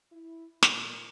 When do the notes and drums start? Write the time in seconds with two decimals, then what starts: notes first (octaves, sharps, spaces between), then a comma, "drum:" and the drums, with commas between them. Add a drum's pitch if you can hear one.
0.11 E4
0.63 A#2, drum: snare